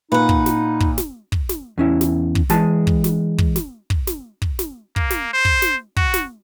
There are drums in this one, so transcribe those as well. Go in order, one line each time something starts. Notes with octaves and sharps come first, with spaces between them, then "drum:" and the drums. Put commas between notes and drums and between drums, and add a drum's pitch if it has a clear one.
A#2 D#4 F4 B4 F#5
drum: kick
drum: snare
drum: kick
drum: snare
drum: kick
drum: snare
E2 C#4 E4
drum: snare
drum: kick
E3 G#3 A5, drum: snare
drum: kick
drum: snare
drum: kick
drum: snare
drum: kick
drum: snare
drum: kick
drum: snare
A#3, drum: kick
drum: snare
C5
drum: kick
drum: snare
F#4, drum: kick
drum: snare